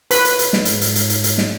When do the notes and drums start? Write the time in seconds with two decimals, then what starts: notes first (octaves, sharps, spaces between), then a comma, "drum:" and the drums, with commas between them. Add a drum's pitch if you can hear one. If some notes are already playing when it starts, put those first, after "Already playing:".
0.11 B4 B5, drum: hi-hat
0.25 drum: hi-hat
0.39 drum: hi-hat
0.53 drum: snare
0.65 G#2, drum: hi-hat
0.81 drum: hi-hat
0.96 drum: hi-hat
1.10 drum: hi-hat
1.24 drum: hi-hat
1.38 drum: snare